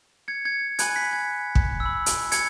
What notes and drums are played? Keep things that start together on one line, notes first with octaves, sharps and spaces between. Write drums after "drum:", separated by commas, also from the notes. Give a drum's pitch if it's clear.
G#6 C#7
G#6 C#7
G#5 B5 F#6 G#6, drum: hi-hat
B6
G#6
drum: kick
E6
B5
drum: hi-hat
G#6 C#7, drum: hi-hat